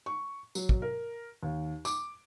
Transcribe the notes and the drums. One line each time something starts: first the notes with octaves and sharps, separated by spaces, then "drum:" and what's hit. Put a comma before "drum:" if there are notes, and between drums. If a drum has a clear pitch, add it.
C#6
F#3, drum: tambourine
drum: kick
A#4
D#2
D6, drum: tambourine